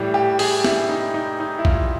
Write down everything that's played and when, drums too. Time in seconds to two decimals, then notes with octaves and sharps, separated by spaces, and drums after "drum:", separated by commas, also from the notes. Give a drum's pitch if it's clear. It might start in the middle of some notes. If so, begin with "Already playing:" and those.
Already playing: A2 E3 G3 G4
0.14 G4
0.39 G#4, drum: open hi-hat
0.64 E4, drum: snare
0.89 D#4
1.14 D#4
1.40 D#4
1.58 E4
1.65 F4, drum: kick A#1